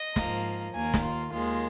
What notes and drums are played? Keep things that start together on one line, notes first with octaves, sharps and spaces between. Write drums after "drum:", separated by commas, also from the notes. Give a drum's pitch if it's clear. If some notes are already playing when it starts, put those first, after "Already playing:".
Already playing: D#5
G#2 F3 A#3, drum: snare
D#2 D#3 A#3 G#5
drum: snare
F4
D#2 D#3 G#3 F4